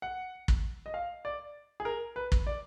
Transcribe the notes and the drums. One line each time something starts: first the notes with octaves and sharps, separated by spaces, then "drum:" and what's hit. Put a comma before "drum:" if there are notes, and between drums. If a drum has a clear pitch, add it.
F#5
drum: kick
D#5
F5
D5
G#4
A#4
B4
drum: kick
D5